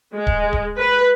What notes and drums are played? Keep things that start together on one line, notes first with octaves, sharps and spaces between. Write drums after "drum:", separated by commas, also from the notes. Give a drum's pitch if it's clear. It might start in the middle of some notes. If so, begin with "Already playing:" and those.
G#3
drum: kick D1
drum: kick D1
B4